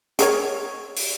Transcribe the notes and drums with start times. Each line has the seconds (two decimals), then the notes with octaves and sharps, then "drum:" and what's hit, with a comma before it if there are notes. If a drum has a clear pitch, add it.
0.19 G#4 A#4 C#5, drum: hi-hat
0.97 drum: open hi-hat